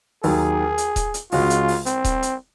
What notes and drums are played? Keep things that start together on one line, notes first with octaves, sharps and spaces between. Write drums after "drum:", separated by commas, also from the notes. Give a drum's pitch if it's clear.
D#2 D#3 F#3 G#4, drum: open hi-hat
drum: hi-hat
drum: kick D#1, hi-hat
drum: hi-hat
C#2 C#3 G#3 C#4 F4 F#4, drum: open hi-hat
drum: hi-hat
drum: open hi-hat
C4, drum: hi-hat
drum: kick D#1, hi-hat
drum: hi-hat